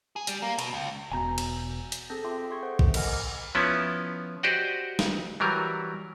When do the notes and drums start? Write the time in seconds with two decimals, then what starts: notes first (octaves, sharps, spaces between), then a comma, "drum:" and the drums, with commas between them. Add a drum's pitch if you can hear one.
0.16 G#4
0.27 G3, drum: hi-hat
0.42 A#3
0.59 B2, drum: cymbal
0.73 C#2
1.12 E1 B2 G#5 A#5 G6
1.38 drum: cymbal
1.92 drum: hi-hat
2.10 C4 G#4 A4 A5 G6 A#6
2.24 F4 E5 G5 C6 D6
2.50 G#4 E5 C6 C#6 G#6
2.63 A4 C5 F#5
2.79 C5, drum: kick A#1
2.94 A#4 D#5 F#5 G#5 F6 A#6, drum: cymbal
3.55 F3 B3 C#4 E4
4.43 F#4 G4 C5 D5 D#5 F#5
4.99 drum: snare
5.40 E3 F#3 G3 A#4